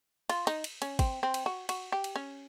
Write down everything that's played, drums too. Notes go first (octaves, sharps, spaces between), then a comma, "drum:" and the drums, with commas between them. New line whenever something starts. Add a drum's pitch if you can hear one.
F4, drum: cymbal
D#4, drum: cymbal
drum: cymbal
C#4, drum: cymbal
C4, drum: kick, cymbal
C4
drum: cymbal
F#4
F#4, drum: cymbal
G4
drum: cymbal
C#4